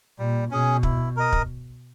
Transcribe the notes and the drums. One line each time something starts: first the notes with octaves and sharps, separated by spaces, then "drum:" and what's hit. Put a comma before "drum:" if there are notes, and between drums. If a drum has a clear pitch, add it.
A#2 G3
B2 C#4 G#4
E4, drum: kick
A#4 D#5
drum: kick